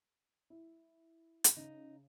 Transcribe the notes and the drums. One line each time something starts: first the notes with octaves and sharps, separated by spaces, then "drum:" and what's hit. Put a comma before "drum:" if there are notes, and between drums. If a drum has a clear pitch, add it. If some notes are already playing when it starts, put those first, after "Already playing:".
E4
drum: hi-hat
C#3 D#4